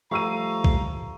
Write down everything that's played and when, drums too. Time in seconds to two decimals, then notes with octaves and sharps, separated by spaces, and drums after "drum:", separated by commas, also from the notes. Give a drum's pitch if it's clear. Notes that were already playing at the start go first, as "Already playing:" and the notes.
0.11 F3 G3 A3 F5 A#5 C#6 E6 D#7
0.64 drum: kick B1